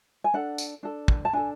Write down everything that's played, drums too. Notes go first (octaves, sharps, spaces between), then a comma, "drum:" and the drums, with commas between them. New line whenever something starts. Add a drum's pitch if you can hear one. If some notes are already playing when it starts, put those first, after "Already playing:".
G#5
D4 A4 F#5
drum: tambourine
D4 A4
drum: kick
A5
D4 A4 G#5